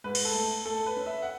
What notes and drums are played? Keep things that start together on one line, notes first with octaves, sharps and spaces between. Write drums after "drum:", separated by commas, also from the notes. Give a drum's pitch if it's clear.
G#2 B4
drum: cymbal
A4
A3
A3 A4
B4
C#4
E5
F#5